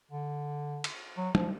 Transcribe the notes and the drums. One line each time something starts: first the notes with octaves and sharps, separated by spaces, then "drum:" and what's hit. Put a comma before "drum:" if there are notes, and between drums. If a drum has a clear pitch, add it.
D3
drum: cymbal
F#3
F3, drum: tom